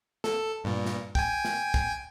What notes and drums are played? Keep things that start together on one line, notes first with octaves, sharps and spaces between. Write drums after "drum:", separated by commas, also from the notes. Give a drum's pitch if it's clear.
A4, drum: snare
G2 A#2
drum: snare
G5 G#5, drum: kick
drum: snare
drum: kick